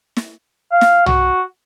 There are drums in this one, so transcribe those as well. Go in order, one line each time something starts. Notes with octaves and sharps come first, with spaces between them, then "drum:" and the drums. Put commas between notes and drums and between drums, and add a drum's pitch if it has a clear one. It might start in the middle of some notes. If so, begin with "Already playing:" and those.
drum: snare
F5
drum: snare
F#4, drum: tom